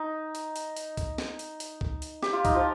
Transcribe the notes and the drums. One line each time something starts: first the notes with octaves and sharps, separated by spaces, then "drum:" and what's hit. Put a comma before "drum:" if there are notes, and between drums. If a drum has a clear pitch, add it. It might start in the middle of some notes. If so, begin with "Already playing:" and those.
Already playing: D#4
drum: hi-hat
drum: hi-hat
drum: hi-hat
drum: kick C#2, hi-hat
drum: snare
drum: hi-hat
drum: hi-hat
drum: kick C#2
drum: hi-hat
G4, drum: snare
F4
D#4, drum: kick C#2, hi-hat
F3 F4